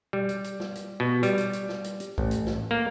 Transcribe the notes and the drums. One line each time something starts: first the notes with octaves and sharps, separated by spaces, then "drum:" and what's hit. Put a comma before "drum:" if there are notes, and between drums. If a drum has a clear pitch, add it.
G3, drum: tom B2
drum: hi-hat
drum: hi-hat
drum: snare
drum: hi-hat
B2
G3, drum: hi-hat
drum: hi-hat
drum: hi-hat
drum: snare
drum: hi-hat
drum: hi-hat
A1, drum: kick B1
drum: hi-hat
drum: snare
A#3